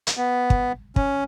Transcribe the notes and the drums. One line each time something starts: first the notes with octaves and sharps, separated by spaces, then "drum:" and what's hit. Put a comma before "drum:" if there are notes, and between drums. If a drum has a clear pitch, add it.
drum: hi-hat
B3
drum: kick
C#4, drum: kick